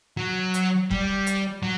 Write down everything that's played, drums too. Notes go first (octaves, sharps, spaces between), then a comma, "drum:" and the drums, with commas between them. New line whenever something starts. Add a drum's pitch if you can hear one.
F#3
drum: hi-hat
G3, drum: kick
drum: hi-hat
F#3